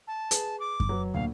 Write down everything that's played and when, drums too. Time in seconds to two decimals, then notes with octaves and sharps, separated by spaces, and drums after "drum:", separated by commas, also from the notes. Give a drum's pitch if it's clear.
0.08 A5
0.31 G#4 B4, drum: hi-hat
0.60 D6
0.80 drum: kick F#2
0.89 F#3 B4
1.14 D2 A#2 F5